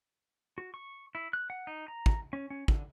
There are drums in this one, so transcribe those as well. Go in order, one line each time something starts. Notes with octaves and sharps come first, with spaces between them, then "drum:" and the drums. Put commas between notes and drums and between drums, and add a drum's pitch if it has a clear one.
F#4
C#6
E4
F#6
F#5
D#4
A#5
drum: kick
C#4
C#4
D3, drum: kick